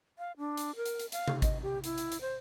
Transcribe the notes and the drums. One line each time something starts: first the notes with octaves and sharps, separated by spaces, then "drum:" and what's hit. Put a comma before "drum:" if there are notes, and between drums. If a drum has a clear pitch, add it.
F5
D4
drum: hi-hat
A#4
drum: hi-hat
drum: hi-hat
F5, drum: hi-hat
drum: tom C3
D#5, drum: kick G#1, hi-hat
G4
E4, drum: hi-hat
drum: hi-hat
drum: hi-hat
C5